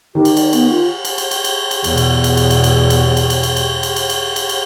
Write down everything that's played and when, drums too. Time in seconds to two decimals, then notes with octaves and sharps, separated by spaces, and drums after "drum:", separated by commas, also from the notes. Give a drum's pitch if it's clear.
0.15 D#3 G4
0.25 drum: cymbal
0.37 D5, drum: cymbal
0.53 B3, drum: cymbal
0.70 F4
1.05 drum: cymbal
1.18 drum: cymbal
1.31 drum: cymbal
1.44 drum: cymbal
1.71 drum: cymbal
1.84 E2 B2, drum: cymbal
1.97 drum: cymbal
2.24 drum: cymbal
2.37 drum: cymbal
2.50 drum: cymbal
2.64 drum: cymbal
2.90 drum: cymbal
3.17 drum: cymbal
3.30 drum: cymbal
3.43 drum: cymbal
3.57 drum: cymbal
3.83 drum: cymbal
3.96 drum: cymbal
4.10 drum: cymbal
4.36 drum: cymbal
4.49 drum: cymbal